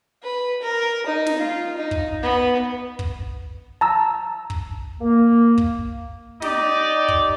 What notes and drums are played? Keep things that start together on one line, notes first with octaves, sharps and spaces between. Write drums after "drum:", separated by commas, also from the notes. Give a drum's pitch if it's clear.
B4
A#4
D#4
drum: snare
F4
D#4
drum: kick
B3
drum: kick
A5 A#5 E6
drum: kick
A#3
drum: kick
D#4 G4 D5, drum: snare
drum: kick